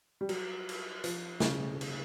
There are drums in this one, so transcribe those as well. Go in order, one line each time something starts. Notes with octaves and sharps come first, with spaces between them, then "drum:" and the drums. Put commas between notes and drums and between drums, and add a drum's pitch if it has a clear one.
G3
F#3, drum: cymbal
drum: cymbal
F3, drum: hi-hat
C#3, drum: snare
drum: cymbal